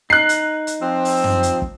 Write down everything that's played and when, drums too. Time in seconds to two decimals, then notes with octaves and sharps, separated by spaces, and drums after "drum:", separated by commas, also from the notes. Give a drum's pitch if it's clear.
0.10 D#4 F#6 C7
0.29 drum: hi-hat
0.67 drum: hi-hat
0.81 F3 C4
1.05 drum: open hi-hat
1.24 drum: tom
1.43 drum: hi-hat
1.62 drum: kick